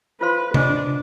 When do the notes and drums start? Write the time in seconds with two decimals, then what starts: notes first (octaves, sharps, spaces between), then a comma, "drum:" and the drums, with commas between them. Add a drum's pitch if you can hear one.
0.21 F4 B4 C5 F5 C6
0.54 D4 F4 C5 D#5 G#5, drum: tom C3